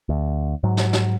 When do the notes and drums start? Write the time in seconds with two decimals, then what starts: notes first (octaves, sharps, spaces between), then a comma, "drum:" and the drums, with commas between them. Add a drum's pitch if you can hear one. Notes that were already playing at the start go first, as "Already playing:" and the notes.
0.09 D2
0.63 G#2 F#3
0.77 drum: snare
0.93 drum: snare